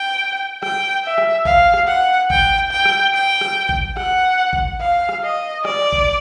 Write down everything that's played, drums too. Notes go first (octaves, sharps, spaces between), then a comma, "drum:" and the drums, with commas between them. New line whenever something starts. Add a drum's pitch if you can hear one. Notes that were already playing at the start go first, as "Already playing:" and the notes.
Already playing: G5
G5, drum: rim click
E5
drum: rim click
F5, drum: kick A1
drum: rim click
F#5
G5, drum: kick A1
G5
drum: rim click
G5
drum: rim click
drum: kick A1
F#5, drum: rim click
drum: kick A1
F5
drum: rim click
D#5
D5, drum: rim click
drum: kick A1